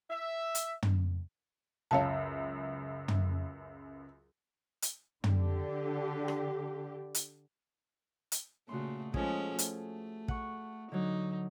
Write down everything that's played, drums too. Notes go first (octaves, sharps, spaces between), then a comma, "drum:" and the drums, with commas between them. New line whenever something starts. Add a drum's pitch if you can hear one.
E5
drum: hi-hat
drum: tom
C#2 F#2 C#5 F5 A5
drum: tom
drum: hi-hat
D3 G4, drum: tom
drum: rim click
drum: hi-hat
drum: hi-hat
A#2 C#3 A3 F#4 C6
F3 G#3 C#4 G#4 A4, drum: kick
A3, drum: hi-hat
F#5 C#6, drum: kick
D3 F#3 D#4